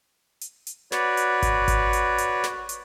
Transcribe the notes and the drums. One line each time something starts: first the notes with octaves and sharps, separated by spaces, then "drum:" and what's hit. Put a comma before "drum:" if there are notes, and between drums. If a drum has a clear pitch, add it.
drum: hi-hat
drum: hi-hat
F#4 B4 C#5 D5, drum: snare
drum: hi-hat
drum: kick G#1, hi-hat
drum: kick G#1, hi-hat
drum: hi-hat
drum: hi-hat
drum: snare
drum: hi-hat